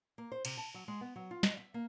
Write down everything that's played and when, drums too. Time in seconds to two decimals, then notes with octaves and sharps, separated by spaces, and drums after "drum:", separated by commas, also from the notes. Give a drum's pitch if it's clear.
0.18 A#3
0.32 C5
0.45 C3, drum: cymbal
0.57 A5
0.74 F#3
0.88 G#3
1.01 B3
1.16 F#3
1.31 F4
1.43 D#5, drum: snare
1.57 E5
1.74 A#3